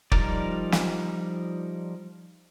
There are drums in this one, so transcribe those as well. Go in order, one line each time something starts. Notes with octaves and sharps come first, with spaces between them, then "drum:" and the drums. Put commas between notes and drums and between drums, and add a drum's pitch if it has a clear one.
F3 G3 D#4 A#4 D5, drum: kick
drum: snare